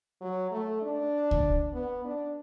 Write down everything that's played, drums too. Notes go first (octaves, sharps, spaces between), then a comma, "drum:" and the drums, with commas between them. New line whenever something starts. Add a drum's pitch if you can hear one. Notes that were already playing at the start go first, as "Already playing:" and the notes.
F#3
A3
D4
drum: kick C#2
B3
D4